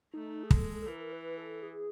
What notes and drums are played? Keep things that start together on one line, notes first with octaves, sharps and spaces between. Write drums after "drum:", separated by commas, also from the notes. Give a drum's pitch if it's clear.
A3 D#4
G#4
G#3 A4, drum: kick
A4
E3 A#4
B4
A4
G#4